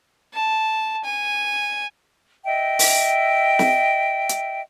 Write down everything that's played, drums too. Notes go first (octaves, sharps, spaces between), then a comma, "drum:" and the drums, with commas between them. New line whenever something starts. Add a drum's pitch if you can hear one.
A5
G#5
D#5 E5 G5
drum: open hi-hat
drum: snare
drum: hi-hat